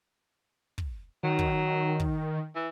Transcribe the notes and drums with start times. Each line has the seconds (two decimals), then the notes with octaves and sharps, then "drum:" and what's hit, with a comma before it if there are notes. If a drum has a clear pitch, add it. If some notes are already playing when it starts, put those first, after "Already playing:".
0.78 drum: kick
1.23 D#3 F#3
1.39 drum: kick
2.00 drum: kick
2.55 E3